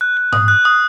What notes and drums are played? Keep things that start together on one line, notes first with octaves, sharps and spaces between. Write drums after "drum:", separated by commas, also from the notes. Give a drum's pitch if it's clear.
F#6
F#6
D#6, drum: tom G#2
F#6
D#6